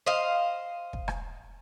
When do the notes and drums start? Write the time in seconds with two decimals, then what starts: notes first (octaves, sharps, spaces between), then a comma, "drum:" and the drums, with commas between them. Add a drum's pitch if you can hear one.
0.06 C5 D#5 F5
0.93 drum: kick
1.08 drum: rim click